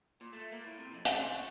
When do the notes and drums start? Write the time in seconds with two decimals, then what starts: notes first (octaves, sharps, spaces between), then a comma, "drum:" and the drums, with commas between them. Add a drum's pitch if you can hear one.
0.21 A#2
0.33 A3
0.52 A#3
0.65 A2
0.79 C3
0.94 F2
1.05 A3, drum: hi-hat
1.18 C3
1.32 F#4